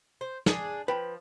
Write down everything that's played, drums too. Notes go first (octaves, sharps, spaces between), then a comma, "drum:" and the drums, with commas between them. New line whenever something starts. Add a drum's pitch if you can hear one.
C5
D4 G#4, drum: snare
F3 B4 G5 B5